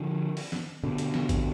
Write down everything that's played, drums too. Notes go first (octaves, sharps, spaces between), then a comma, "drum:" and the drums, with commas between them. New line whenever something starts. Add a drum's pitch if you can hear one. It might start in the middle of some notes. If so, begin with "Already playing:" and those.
Already playing: D3 F3
drum: open hi-hat
drum: snare
B2 D3
drum: hi-hat
drum: snare
drum: kick, hi-hat